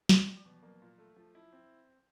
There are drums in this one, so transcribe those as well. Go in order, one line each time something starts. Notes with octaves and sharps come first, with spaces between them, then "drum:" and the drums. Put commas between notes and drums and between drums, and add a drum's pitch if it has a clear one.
C4, drum: snare
F#3 G3
F3
B2 E3
F3
F#3 A#3
A#2
A3
F3
E4
C4